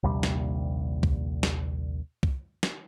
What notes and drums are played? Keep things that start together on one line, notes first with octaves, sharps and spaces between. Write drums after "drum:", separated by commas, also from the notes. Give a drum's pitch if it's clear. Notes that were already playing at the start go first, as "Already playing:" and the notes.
A#1 D#2 C3 G3
drum: snare
drum: kick C2
drum: snare
drum: kick C2
drum: snare